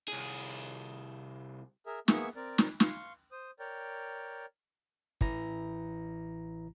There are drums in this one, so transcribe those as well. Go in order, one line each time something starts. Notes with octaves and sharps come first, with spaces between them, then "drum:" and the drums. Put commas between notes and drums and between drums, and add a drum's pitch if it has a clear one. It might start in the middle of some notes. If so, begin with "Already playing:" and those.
C2 G#4
G#4 A#4 E5
A#3 B3 G#4 E5 C#6, drum: snare
C4 A#4 D5
drum: snare
F5 C6 C#6, drum: snare
C5 D#6
A#4 C#5 D5 G5
A1 E3 E4 A#5 A#6, drum: kick